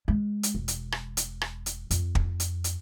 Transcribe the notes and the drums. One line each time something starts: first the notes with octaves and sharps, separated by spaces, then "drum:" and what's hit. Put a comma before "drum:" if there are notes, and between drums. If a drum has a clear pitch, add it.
G#3
drum: hi-hat
E1
drum: hi-hat
drum: rim click
drum: hi-hat
drum: rim click
drum: hi-hat
F2, drum: hi-hat
drum: kick
drum: hi-hat
drum: hi-hat